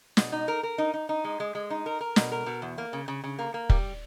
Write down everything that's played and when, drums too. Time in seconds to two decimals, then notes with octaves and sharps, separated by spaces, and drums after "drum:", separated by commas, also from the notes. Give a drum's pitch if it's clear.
0.17 B2, drum: snare
0.32 D#4
0.48 A#4
0.63 A#4
0.78 D#4
0.94 D#4
1.09 D#4
1.24 G#3
1.40 G#3
1.55 G#3
1.70 D#4
1.86 A#4
2.01 A#4
2.16 B2, drum: snare
2.32 A#4
2.46 B2
2.62 E2
2.78 A#3
2.93 C#3
3.08 C#3
3.24 C#3
3.39 A#3
3.54 A#3
3.69 G3, drum: kick